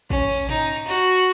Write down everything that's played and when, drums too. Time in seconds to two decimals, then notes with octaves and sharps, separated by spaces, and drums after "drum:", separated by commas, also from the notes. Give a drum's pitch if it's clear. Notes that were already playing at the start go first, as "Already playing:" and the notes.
0.10 C#4, drum: kick A1
0.29 drum: cymbal
0.49 D#4, drum: tom
0.88 F#4